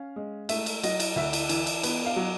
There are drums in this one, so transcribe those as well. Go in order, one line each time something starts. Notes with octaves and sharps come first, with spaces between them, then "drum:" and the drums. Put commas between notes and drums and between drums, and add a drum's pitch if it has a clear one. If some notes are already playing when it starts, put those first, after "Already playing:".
Already playing: C#4 F5
G#3
A3 E5, drum: cymbal
drum: cymbal
F#3 D#5, drum: cymbal
drum: cymbal
D2 E5
drum: cymbal
E3, drum: cymbal
drum: cymbal
B3, drum: cymbal
F5
F#3